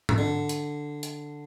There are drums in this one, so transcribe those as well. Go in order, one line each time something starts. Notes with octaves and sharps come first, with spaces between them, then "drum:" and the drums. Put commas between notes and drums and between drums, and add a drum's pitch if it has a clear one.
drum: tom G#2
D3
drum: hi-hat
drum: hi-hat